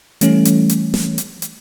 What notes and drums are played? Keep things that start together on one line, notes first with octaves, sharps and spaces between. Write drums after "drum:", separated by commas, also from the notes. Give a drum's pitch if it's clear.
E3 G3 A3 C#4, drum: hi-hat
drum: hi-hat
drum: hi-hat
drum: snare
drum: hi-hat
drum: hi-hat